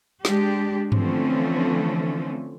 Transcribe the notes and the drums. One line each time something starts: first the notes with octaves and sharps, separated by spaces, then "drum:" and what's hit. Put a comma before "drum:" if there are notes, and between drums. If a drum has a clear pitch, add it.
G#3 D4 G4, drum: snare
D3 E3 F3 A3 C4 C#4, drum: tom G2